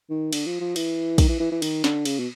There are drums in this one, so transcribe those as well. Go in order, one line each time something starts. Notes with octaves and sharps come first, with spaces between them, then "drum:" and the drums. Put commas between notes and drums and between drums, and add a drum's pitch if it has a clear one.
D#3
D3, drum: cymbal
F3
F3
E3, drum: cymbal
D#3, drum: kick, cymbal
E3
E3
E3
D#3, drum: cymbal
D3, drum: snare
C#3, drum: cymbal
B2